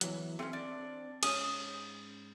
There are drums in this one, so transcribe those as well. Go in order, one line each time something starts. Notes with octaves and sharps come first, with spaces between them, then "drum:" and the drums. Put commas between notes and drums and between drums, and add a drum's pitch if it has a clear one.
E2 E3 F#3, drum: hi-hat
A3 C4 C#4
D4
G#2 C#4 G#4 D#6, drum: cymbal